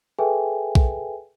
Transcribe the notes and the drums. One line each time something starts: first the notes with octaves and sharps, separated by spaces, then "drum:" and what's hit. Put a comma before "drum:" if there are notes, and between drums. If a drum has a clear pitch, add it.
G#4 A4 B4 E5 G5 G#5
drum: kick